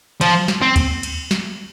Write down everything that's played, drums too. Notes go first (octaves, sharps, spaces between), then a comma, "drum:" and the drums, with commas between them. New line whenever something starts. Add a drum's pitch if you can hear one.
F3, drum: cymbal
drum: snare
C4
drum: kick, cymbal
drum: cymbal
drum: snare